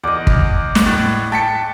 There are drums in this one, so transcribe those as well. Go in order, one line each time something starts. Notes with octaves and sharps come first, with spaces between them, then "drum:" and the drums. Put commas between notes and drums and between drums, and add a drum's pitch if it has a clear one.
E2 D5 D#5
drum: kick
drum: snare
A2 F#6 A6
G5 A5 B6 C#7